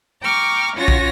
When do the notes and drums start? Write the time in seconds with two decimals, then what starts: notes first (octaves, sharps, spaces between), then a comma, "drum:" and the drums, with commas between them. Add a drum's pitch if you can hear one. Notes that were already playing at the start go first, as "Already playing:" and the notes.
0.22 G5 A#5 C#6 D6 F6
0.75 C#4 F4 F#4 C#5 A#6
0.88 drum: kick B1